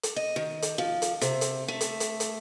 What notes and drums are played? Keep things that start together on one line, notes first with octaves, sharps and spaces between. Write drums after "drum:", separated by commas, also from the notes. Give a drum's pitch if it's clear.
drum: hi-hat
D#5
D#3
drum: hi-hat
F3
drum: hi-hat
C3, drum: hi-hat
drum: hi-hat
A3
drum: hi-hat
drum: hi-hat
drum: hi-hat